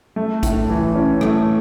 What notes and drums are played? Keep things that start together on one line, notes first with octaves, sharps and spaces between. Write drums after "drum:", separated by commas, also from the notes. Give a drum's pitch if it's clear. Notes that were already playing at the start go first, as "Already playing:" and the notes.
A3
A2, drum: kick A1, hi-hat
E3
C#4
A3, drum: rim click